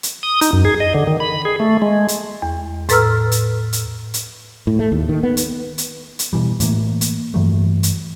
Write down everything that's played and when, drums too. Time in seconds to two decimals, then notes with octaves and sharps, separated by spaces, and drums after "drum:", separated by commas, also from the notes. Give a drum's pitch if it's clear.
0.03 drum: hi-hat
0.23 D#6
0.41 D#4, drum: hi-hat
0.53 F#2
0.65 G#4
0.80 D#5
0.94 D3
1.07 D#3
1.20 B5
1.45 G#4
1.60 A3
1.82 G#3
2.08 drum: hi-hat
2.42 E2
2.89 A2 A4 B4 A#5 E6 F6, drum: hi-hat
3.32 drum: hi-hat
3.73 drum: hi-hat
4.14 drum: hi-hat
4.67 A2
4.79 A3
4.92 D#2
5.09 D#3
5.23 B3
5.37 drum: hi-hat
5.78 drum: hi-hat
6.19 drum: hi-hat
6.33 B2 E3 G3
6.60 A2 E3 A#3, drum: hi-hat
7.01 drum: hi-hat
7.34 G2 E3 F#3 A3
7.83 drum: hi-hat